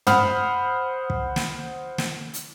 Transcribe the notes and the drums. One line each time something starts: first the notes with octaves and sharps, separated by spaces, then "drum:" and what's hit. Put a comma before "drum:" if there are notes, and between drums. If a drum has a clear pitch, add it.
C5 F#5 B5 D#6 F6, drum: tom
drum: kick
drum: snare
drum: snare
drum: hi-hat